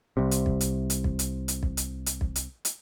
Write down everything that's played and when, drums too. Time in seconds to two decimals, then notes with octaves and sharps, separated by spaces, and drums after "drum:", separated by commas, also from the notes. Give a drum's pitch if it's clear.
0.17 C2 C3
0.31 drum: hi-hat
0.46 drum: kick
0.61 drum: hi-hat
0.90 drum: hi-hat
1.04 drum: kick
1.19 drum: hi-hat
1.48 drum: hi-hat
1.63 drum: kick
1.77 drum: hi-hat
2.06 drum: hi-hat
2.21 drum: kick
2.36 drum: hi-hat
2.65 drum: hi-hat